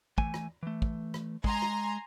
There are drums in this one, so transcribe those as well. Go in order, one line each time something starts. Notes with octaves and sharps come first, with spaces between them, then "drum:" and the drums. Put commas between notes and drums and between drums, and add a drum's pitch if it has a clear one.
E3 A3 G#5, drum: kick
drum: rim click
E3 A3
drum: kick
drum: rim click
G#3 G#5 A#5 C6, drum: kick
drum: rim click